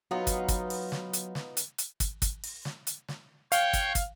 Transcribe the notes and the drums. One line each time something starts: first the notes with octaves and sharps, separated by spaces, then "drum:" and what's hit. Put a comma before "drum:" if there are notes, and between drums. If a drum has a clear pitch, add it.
F#3 B3 D#4 F4
drum: kick, hi-hat
drum: kick, hi-hat
drum: open hi-hat
drum: snare
drum: hi-hat
drum: snare
drum: hi-hat
drum: hi-hat
drum: kick, hi-hat
drum: kick, hi-hat
drum: open hi-hat
drum: snare
drum: hi-hat
drum: snare
C#5 F5 G5, drum: hi-hat
drum: kick, hi-hat
drum: kick, hi-hat